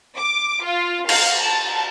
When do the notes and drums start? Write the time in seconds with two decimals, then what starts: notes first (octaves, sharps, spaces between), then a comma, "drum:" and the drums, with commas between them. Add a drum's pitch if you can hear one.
0.18 D6
0.65 F4
1.09 F5, drum: cymbal
1.42 A5